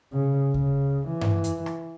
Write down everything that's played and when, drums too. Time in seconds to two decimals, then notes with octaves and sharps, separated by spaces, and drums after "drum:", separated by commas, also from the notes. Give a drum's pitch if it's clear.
0.13 C#3
0.54 C#3, drum: kick D2
1.08 E3
1.21 drum: tom G2
1.44 drum: hi-hat
1.66 drum: rim click